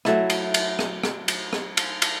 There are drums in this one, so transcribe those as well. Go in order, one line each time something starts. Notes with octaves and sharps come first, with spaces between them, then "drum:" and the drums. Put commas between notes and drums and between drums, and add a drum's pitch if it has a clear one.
F#3 A3 E4, drum: rim click
drum: cymbal
drum: cymbal
drum: rim click
drum: rim click
drum: cymbal
drum: rim click
drum: cymbal
drum: cymbal